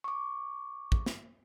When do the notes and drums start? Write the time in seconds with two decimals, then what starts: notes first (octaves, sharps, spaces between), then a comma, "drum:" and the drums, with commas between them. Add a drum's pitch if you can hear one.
0.04 C#6 D6
0.92 drum: kick
1.06 drum: snare